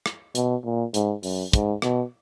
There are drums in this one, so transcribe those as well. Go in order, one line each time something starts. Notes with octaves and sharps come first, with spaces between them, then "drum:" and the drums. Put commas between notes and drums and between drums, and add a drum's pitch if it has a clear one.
drum: rim click
B2, drum: hi-hat
A#2
G#2, drum: hi-hat
F#2, drum: open hi-hat
G#2, drum: kick, hi-hat
B2, drum: rim click